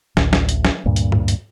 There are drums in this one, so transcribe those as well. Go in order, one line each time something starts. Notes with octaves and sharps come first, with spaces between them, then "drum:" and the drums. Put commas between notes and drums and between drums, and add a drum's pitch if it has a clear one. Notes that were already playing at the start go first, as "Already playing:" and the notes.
A1 D2 D3, drum: snare
drum: snare
drum: hi-hat
drum: snare
D2 G2 A#2
drum: hi-hat
drum: tom G#2
drum: hi-hat